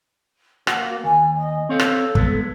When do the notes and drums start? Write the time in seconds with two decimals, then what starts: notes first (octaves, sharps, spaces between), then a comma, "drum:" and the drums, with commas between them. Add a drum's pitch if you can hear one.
0.67 A#3 F#4 F#5, drum: rim click
1.04 D#2 G#5
1.36 D#5
1.69 C4 A4 C#5 F5
1.80 drum: rim click
2.15 G2 G#3 B3, drum: kick